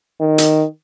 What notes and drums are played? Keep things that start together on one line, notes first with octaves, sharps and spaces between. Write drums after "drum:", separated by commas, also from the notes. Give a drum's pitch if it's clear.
D#3
drum: hi-hat